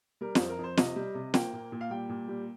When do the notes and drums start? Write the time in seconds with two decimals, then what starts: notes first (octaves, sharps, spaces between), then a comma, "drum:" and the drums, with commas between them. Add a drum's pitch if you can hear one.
0.21 G3 A#4
0.35 F2 C5, drum: snare
0.49 A#4
0.58 F2
0.64 C5
0.77 C3 D#5, drum: snare
0.96 G3
1.15 C3
1.34 A#3 G5, drum: snare
1.53 A#2
1.72 A#2
1.81 F5
1.90 G3 G5
2.09 A#2
2.28 G3